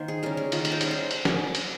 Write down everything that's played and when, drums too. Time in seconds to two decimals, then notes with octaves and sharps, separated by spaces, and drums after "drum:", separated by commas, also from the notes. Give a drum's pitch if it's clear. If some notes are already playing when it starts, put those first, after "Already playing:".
Already playing: D#3 A#3 C5
0.08 G#4
0.23 G3 C#4 A#4
0.37 G#4
0.52 D#3 F4, drum: cymbal
0.65 A#4, drum: cymbal
0.72 C5
0.81 G3 C#4, drum: cymbal
0.91 C5
1.11 drum: cymbal
1.25 drum: snare
1.55 drum: cymbal